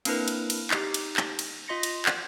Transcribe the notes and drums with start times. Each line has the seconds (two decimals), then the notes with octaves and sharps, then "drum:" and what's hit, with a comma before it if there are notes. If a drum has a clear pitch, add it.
0.05 A#3 C4 D4 E4 A#4 B4, drum: cymbal
0.28 drum: cymbal
0.50 drum: cymbal
0.71 D#4 G4, drum: clap
0.94 drum: cymbal
1.17 drum: clap
1.39 drum: cymbal
1.68 F4 D#5 C6 A#6 C#7
1.83 drum: cymbal
2.06 drum: clap